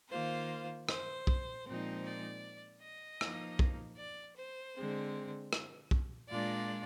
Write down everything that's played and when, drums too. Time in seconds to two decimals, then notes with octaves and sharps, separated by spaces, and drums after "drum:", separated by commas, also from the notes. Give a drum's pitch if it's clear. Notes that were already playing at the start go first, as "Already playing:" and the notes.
0.11 D#3 A#3 F4 C5
0.89 C5, drum: rim click
1.27 drum: kick
1.66 A#2 F3 G#3 C4 D#4
2.04 D5
2.82 D#5
3.21 F3 A#3 D#4, drum: rim click
3.59 drum: kick
3.98 D5
4.37 C5
4.75 D3 G#3 C4
5.53 drum: rim click
5.91 drum: kick
6.30 A#2 G#3 D4 F4 D5